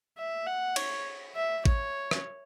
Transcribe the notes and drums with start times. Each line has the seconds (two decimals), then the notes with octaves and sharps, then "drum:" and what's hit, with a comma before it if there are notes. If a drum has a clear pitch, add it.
0.18 E5
0.46 F#5
0.76 C#5, drum: cymbal
1.35 E5
1.65 C#5, drum: kick A1
2.11 drum: rim click